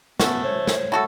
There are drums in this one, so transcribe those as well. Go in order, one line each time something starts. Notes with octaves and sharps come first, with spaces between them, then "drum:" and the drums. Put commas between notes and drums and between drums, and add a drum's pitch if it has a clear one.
A3 B3 C#4 F#4, drum: snare
C5 C#5
drum: snare
E4 F#4 A4 F#5 A5 C#6